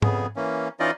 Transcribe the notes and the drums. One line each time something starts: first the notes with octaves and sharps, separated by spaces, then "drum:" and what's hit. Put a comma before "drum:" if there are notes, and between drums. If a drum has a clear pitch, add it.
F2 C#3 B3 G#4, drum: tom G#2
E3 A#3 C#4
E3 C#4 D#4 F4 D5 D#5